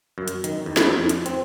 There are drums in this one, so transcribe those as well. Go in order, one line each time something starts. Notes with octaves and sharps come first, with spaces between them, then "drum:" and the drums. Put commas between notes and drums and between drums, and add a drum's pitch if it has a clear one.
F#2
drum: hi-hat
D#3, drum: hi-hat
E2
drum: snare
F2
drum: hi-hat
C4, drum: hi-hat